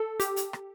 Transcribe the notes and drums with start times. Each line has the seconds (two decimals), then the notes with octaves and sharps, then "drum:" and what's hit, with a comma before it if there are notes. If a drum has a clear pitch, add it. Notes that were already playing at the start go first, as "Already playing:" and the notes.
Already playing: A4
0.20 G4, drum: hi-hat
0.36 drum: hi-hat
0.53 drum: rim click